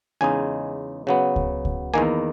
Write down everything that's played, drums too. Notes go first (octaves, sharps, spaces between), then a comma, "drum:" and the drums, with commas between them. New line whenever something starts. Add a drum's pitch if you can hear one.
E2 C#3 G#3 D#4 G#5
C#3 F#3 B3
drum: kick C#2
drum: kick C#2
E2 D#3 A#3 G#5